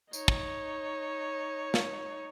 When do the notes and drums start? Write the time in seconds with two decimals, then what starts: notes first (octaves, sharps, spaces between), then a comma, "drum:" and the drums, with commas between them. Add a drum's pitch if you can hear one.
0.13 D#4 C#5, drum: tambourine
0.28 drum: kick
1.74 drum: snare